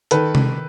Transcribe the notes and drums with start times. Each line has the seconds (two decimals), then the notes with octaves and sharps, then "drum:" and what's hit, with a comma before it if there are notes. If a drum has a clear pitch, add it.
0.11 D#3 A4 B4, drum: hi-hat
0.35 drum: tom C3